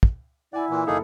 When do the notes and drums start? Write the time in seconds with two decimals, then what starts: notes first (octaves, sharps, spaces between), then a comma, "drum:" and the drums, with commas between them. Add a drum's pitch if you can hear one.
0.03 drum: kick
0.53 E4 D5 F#5 G#5
0.70 A#2 E3
0.87 F#1 A#3 D#4 G#4 A4